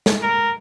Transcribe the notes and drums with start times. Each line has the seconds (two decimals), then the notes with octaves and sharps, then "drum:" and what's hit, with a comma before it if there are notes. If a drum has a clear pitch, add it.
0.06 drum: snare
0.22 A#4